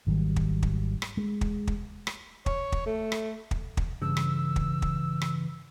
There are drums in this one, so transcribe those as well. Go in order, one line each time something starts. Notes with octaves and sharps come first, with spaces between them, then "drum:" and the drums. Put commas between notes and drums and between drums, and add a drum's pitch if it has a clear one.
G#1 D#3 F#3 G3
drum: kick
drum: kick
drum: rim click
G#3
drum: kick
drum: kick
drum: rim click
C#5, drum: kick
drum: kick
A3
drum: rim click
drum: kick
drum: kick
G2 C#3 E3 E6
drum: rim click
drum: kick
drum: kick
drum: rim click